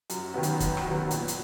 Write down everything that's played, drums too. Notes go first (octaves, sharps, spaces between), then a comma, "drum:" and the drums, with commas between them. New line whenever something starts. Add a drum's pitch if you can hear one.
F#2, drum: hi-hat
D#3 F#3 B3
drum: hi-hat
F#2, drum: kick, hi-hat
drum: rim click
D#3 F#3 B3
A#2, drum: hi-hat
drum: hi-hat